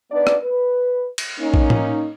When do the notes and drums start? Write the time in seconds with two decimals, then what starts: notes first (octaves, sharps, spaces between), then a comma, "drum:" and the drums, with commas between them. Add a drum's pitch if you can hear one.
0.12 B3 D4 D#4 B4 D5
0.27 drum: rim click
0.42 B4
1.18 drum: cymbal
1.39 A#3 C#4 D#4
1.54 drum: kick A#1
1.70 drum: tom A2